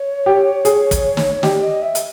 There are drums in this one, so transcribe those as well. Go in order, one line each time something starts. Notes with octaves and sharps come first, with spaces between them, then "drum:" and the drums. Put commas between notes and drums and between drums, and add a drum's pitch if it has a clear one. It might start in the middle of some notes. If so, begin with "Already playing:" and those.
Already playing: C#5
G4
G#4, drum: hi-hat
drum: kick, hi-hat
drum: snare
G4 D5 D#5, drum: snare
D#5
E5
drum: hi-hat